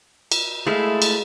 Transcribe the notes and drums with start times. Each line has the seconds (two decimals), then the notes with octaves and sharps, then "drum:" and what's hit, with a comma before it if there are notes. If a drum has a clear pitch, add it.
0.32 drum: cymbal
0.67 G#3 A3 E4 F5
1.02 drum: cymbal